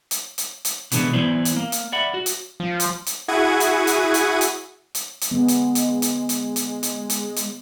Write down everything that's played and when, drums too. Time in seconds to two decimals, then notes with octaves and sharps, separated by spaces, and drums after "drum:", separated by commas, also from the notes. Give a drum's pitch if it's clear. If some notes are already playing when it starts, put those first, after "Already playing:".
0.11 drum: hi-hat
0.38 drum: hi-hat
0.65 drum: hi-hat
0.92 B2 D3 E3 G#3 B3 D4, drum: hi-hat
1.13 E3 F#3 B3 E4 C5 D5
1.45 drum: hi-hat
1.56 A#3
1.72 drum: hi-hat
1.92 D5 E5 F#5 B5
2.14 F#4
2.26 drum: hi-hat
2.60 F3
2.80 drum: hi-hat
3.06 drum: hi-hat
3.28 E4 F#4 G#4 F#5 G#6 D#7
3.60 drum: hi-hat
3.87 drum: hi-hat
4.14 drum: hi-hat
4.41 drum: hi-hat
4.95 drum: hi-hat
5.21 drum: hi-hat
5.31 D3 G#3 B3
5.48 drum: hi-hat
5.75 drum: hi-hat
6.02 drum: hi-hat
6.29 drum: hi-hat
6.56 drum: hi-hat
6.83 drum: hi-hat
7.10 drum: hi-hat
7.36 drum: hi-hat